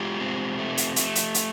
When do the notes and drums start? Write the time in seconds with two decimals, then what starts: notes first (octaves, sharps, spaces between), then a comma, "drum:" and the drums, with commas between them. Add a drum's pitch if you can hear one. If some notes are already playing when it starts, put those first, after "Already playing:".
Already playing: G#3 F4 G4
0.20 C4
0.59 A3
0.77 drum: hi-hat
0.96 A3, drum: hi-hat
1.15 drum: hi-hat
1.34 drum: hi-hat